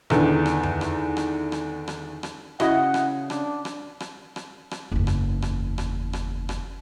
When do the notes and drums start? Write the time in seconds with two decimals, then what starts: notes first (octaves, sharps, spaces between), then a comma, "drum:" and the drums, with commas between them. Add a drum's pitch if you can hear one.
0.10 E2 D3 D#3, drum: rim click
0.46 drum: rim click
0.63 drum: tom F2
0.81 drum: rim click
1.17 drum: rim click
1.52 drum: rim click
1.88 drum: rim click
2.23 drum: rim click
2.60 C#3 E4 F#4 D#5 F#5, drum: rim click
2.94 drum: rim click
3.30 D4, drum: rim click
3.65 drum: rim click
4.00 drum: rim click
4.36 drum: rim click
4.71 drum: rim click
4.92 F#1 E2
5.07 drum: rim click
5.42 drum: rim click
5.78 drum: rim click
6.13 drum: rim click
6.49 drum: rim click